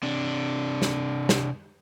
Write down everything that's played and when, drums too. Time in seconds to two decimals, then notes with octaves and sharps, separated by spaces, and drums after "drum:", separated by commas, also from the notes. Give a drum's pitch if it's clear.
0.03 C3 D4
0.82 drum: snare
1.29 drum: snare